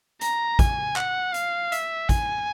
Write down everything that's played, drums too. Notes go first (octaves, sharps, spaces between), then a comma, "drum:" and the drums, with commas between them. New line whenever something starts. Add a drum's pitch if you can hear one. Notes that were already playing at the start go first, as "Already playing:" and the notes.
A#5, drum: hi-hat
G#5, drum: kick A1, hi-hat
F#5, drum: clap
F5, drum: hi-hat
E5, drum: hi-hat
G#5, drum: kick A1, hi-hat